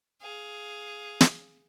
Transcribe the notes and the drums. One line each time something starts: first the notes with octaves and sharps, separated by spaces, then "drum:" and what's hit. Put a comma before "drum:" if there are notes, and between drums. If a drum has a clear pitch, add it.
G#4 F5
drum: snare